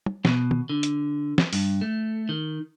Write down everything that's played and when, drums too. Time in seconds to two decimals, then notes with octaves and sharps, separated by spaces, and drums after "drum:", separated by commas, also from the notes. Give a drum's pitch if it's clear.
0.06 drum: tom
0.25 B2, drum: snare
0.51 drum: tom
0.69 D3
0.83 drum: hi-hat
1.38 drum: snare
1.53 G2, drum: open hi-hat
1.81 A3
2.29 D#3